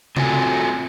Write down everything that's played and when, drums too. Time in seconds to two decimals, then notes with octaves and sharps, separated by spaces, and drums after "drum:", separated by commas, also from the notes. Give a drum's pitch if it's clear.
0.16 C4 F4 F#4 A4 F5 G#5, drum: tom C3